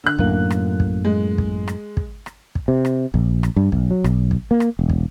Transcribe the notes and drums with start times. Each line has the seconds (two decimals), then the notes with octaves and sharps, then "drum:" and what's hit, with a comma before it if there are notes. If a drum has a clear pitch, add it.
0.04 D3 F#6
0.19 F#2 A2 A#3, drum: kick
0.50 drum: rim click
0.80 drum: kick
1.05 G#3
1.38 drum: kick
1.68 drum: rim click
1.97 drum: kick
2.26 drum: rim click
2.55 drum: kick
2.68 C3
2.85 drum: rim click
3.14 A#1, drum: kick
3.43 drum: rim click
3.56 G2
3.72 B1, drum: kick
3.91 F#3
4.04 B1, drum: rim click
4.31 drum: kick
4.51 A#3
4.60 drum: rim click
4.79 E1
4.89 drum: kick